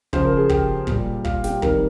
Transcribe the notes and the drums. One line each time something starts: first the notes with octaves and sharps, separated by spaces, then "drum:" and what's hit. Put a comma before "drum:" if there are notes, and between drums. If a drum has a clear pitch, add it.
C#3 F3 C5, drum: kick
A#4
G#4
G4, drum: kick
A#2 G3, drum: kick
F4, drum: kick
G4, drum: snare
C3 D#3 G3 A#4, drum: kick